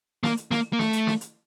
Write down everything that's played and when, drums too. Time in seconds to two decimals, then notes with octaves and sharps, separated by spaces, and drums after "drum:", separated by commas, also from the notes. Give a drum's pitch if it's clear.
0.23 A#3, drum: snare
0.37 drum: hi-hat
0.51 A#3, drum: snare
0.73 A#3
0.79 A3, drum: snare
0.93 drum: hi-hat
1.07 drum: snare
1.21 drum: hi-hat